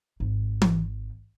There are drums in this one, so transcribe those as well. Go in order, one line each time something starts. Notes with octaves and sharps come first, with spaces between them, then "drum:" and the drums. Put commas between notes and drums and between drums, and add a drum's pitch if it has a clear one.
G#1
drum: tom E3